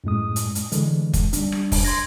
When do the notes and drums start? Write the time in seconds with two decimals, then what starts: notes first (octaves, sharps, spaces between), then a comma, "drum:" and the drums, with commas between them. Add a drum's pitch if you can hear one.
0.04 F#2 A2 G#3 D#6
0.36 drum: hi-hat
0.55 drum: hi-hat
0.72 D3 E3 G#3, drum: hi-hat
1.13 drum: kick, hi-hat
1.33 G3 D4, drum: hi-hat
1.52 drum: rim click
1.72 drum: kick, open hi-hat
1.84 C6 G#6 A#6